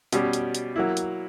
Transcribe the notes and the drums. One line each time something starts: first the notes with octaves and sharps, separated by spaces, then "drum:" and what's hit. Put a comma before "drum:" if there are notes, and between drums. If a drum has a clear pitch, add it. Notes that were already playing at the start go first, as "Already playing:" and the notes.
B2 G3 C#4 G4, drum: hi-hat
drum: hi-hat
drum: hi-hat
F#3 A#3 E4
drum: hi-hat